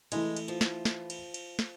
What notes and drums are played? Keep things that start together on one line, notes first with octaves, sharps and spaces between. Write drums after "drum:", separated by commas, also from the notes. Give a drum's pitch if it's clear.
E3 G#3 A3 E4, drum: cymbal
drum: cymbal
F3
drum: snare
drum: snare
drum: cymbal
drum: cymbal
drum: snare